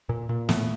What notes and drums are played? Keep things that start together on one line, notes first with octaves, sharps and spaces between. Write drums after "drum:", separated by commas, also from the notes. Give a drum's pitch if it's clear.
A#2
A#2
A2 A3 B3, drum: snare